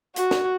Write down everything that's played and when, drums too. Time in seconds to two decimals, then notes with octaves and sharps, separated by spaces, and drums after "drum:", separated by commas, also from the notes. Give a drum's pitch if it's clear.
0.16 F#4, drum: hi-hat
0.31 drum: snare